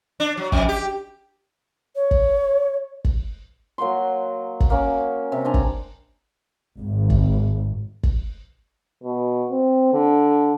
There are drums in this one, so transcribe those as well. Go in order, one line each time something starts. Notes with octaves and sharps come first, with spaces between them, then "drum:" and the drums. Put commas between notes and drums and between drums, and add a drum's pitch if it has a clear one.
D4
F#3
F2, drum: kick
G4
C#5
drum: kick
drum: kick
F#3 A#3 F#5 C6
drum: kick
A#3 C#4
C3
D4 C5 G#5 A#5
drum: kick
G#1
drum: kick
drum: kick
B2
C4
D3